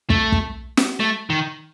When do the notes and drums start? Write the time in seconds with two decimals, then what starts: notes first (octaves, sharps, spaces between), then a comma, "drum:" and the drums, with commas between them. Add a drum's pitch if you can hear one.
0.10 A3, drum: kick
0.32 drum: kick
0.77 drum: snare
1.00 A3
1.30 D#3